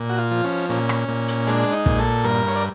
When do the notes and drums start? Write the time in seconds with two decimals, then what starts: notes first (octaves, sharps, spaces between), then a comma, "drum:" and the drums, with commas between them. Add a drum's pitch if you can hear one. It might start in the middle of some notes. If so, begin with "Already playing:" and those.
Already playing: A#2
0.09 F#4
0.18 F4
0.31 F3
0.44 C#4
0.69 A#2 C#4
0.89 drum: rim click
1.08 A#2
1.28 drum: hi-hat
1.47 G#3 D4
1.73 D#4
1.86 A#2, drum: kick
1.99 A4
2.25 G2 A#4
2.48 C#5
2.56 D5